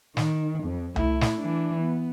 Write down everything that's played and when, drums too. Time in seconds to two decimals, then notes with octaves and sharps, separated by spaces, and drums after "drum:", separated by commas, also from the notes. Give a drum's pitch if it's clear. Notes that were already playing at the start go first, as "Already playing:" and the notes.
0.17 D#3, drum: snare
0.63 F2
0.96 A3 E4, drum: tom C2
1.21 drum: snare
1.37 E3 D4
1.82 B3